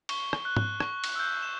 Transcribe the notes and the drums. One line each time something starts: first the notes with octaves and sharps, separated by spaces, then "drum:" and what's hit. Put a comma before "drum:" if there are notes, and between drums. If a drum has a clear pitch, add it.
C#6 G7, drum: cymbal
drum: rim click
F#6
drum: tom
C#6, drum: rim click
drum: cymbal
E6 G6
E7